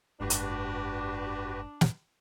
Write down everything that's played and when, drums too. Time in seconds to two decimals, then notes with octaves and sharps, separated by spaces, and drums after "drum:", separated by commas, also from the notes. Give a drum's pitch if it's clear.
0.20 F#1 G#2 D4 F#4 G4 B4
0.30 drum: hi-hat
1.81 drum: snare